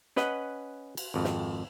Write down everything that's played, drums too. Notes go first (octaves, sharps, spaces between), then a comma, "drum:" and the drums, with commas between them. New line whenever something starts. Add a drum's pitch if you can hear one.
C#4 B4 D#5 F#5, drum: snare
drum: cymbal
G#1 F2
drum: snare